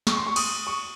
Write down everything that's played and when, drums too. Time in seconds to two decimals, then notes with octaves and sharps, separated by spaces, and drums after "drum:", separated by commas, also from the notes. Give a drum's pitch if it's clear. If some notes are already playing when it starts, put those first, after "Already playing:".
0.07 C#6, drum: snare
0.17 C6
0.26 C#6
0.36 D#6, drum: cymbal
0.67 C#6